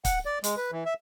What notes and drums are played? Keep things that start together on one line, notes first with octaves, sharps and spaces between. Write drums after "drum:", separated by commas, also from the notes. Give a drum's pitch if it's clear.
F#5, drum: kick, hi-hat
D5
G#3, drum: hi-hat
B4
E3
E5